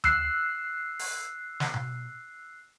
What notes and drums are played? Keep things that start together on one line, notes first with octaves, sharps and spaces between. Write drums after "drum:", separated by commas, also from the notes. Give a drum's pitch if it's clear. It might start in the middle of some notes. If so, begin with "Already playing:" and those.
E6 F#6 C7, drum: tom D#2
drum: open hi-hat
drum: snare
drum: tom B2